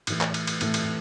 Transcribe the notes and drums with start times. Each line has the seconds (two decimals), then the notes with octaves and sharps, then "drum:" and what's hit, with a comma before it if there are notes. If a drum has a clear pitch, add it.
0.07 A2 E3 A3, drum: cymbal
0.21 drum: clap
0.34 drum: cymbal
0.47 drum: cymbal
0.61 A2 E3 A3, drum: cymbal
0.74 drum: cymbal